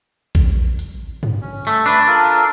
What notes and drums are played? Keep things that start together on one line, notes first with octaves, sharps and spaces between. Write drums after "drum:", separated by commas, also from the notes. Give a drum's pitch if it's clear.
drum: kick, hi-hat
drum: hi-hat
drum: tom G2
C#4
A3, drum: hi-hat
D4 B4 E5
F4 A4 A#4